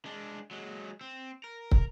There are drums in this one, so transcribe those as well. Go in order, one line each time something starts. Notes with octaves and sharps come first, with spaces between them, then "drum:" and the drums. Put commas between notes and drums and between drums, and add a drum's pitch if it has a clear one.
G#3 D4
F#3 G#3
C4
A#4
drum: kick